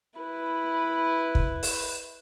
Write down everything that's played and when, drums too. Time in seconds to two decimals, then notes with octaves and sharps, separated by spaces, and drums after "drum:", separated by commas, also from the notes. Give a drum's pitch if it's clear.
0.19 E4 B4
1.35 drum: kick
1.63 drum: open hi-hat